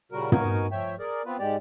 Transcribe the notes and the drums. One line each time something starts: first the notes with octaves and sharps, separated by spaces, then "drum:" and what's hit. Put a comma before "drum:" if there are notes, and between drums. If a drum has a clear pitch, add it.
A#2 C#3 G3 F#4 A#4
B3 D#4 F#4 A#4 G#5, drum: tom
F3 C#5 E5 G5
G#4 A#4 D5
B3 C4 F4 B4
G#2 G#3 G4 D5